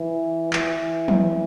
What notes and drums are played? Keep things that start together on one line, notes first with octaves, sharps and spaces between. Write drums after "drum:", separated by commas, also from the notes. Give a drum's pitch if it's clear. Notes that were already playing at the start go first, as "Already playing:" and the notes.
Already playing: E3
E3, drum: clap
drum: tom